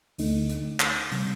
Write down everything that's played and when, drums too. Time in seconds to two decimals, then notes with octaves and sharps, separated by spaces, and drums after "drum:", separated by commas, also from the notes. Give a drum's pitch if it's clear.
0.18 D2 D3 A3 D#4, drum: open hi-hat
0.49 drum: hi-hat
0.80 drum: clap
1.11 C3 G3, drum: open hi-hat